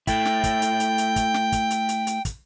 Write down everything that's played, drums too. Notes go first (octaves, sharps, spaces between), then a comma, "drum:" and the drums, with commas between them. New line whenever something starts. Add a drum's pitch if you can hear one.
A3 E4 G5, drum: kick, hi-hat
drum: snare
drum: kick, hi-hat
drum: hi-hat
drum: hi-hat
drum: hi-hat
drum: kick, hi-hat
drum: snare
drum: kick, hi-hat
drum: hi-hat
drum: hi-hat
drum: hi-hat
drum: kick, hi-hat